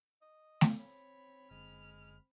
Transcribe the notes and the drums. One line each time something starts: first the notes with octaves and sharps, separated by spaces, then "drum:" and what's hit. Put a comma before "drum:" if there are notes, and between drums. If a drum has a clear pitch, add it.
D#5
drum: snare A3
C4 C#5 B5
F#1 D3 G#3 F6